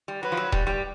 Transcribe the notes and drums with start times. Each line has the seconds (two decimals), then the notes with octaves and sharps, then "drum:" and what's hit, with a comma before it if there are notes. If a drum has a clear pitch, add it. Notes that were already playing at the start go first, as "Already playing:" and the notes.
0.08 G3
0.22 F#3 B4
0.32 F3
0.37 F#3
0.52 G3, drum: kick D#1
0.67 G3